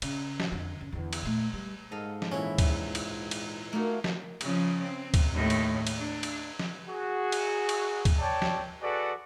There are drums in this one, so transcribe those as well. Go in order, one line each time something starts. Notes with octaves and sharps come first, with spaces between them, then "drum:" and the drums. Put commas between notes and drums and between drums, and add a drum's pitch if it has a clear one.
C#3, drum: cymbal
drum: snare
F2 D3
C#3
E2 D3
drum: cymbal
A#2 A3
G3
G#2 A4 D#5 F5
drum: snare
A#2 E3 C#4 E4 C6
drum: kick, cymbal
drum: cymbal
drum: cymbal
A3 A#3 D#4 F#4
drum: snare
C#3 F3, drum: cymbal
C4
drum: kick, cymbal
D#2 A2
drum: cymbal
drum: cymbal
D4
drum: cymbal
drum: snare
F#4 G#4
drum: cymbal
drum: cymbal
drum: kick, cymbal
C#5 D5 G5 A5
drum: snare
F#4 G#4 A4 B4 D5 F#5